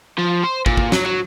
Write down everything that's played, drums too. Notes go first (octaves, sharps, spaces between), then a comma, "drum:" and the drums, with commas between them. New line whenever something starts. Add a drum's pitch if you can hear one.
F3
C5
A#2, drum: kick
drum: kick
F#3, drum: snare
F#3